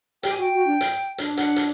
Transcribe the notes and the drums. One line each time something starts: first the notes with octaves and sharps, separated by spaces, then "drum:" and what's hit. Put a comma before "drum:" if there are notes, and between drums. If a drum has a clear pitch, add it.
G4 G5, drum: hi-hat
G#5
F#4 G5
F#4
D4
drum: hi-hat
D4, drum: hi-hat
F#5, drum: hi-hat
drum: hi-hat